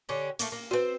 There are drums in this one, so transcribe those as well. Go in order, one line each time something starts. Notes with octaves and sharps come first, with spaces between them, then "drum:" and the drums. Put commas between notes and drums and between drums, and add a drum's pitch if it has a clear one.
D3 C#4 G4
A3 A#3, drum: hi-hat
A#3
C4 F#4 B4 C5